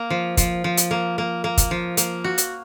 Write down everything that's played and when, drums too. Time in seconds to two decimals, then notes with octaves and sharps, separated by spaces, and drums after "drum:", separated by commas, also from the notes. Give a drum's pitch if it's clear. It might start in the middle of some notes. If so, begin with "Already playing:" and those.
Already playing: A#3
0.10 F3
0.37 F3, drum: kick, hi-hat
0.64 F3
0.77 drum: hi-hat
0.91 A#3
1.18 A#3
1.44 A#3
1.57 drum: kick, hi-hat
1.71 F3
1.97 A#3, drum: hi-hat
2.24 F#4
2.38 drum: hi-hat